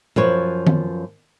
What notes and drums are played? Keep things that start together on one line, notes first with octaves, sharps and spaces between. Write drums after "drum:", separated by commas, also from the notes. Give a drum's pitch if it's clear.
F#2 F3 B4 C#5, drum: tom A#2
drum: tom D#3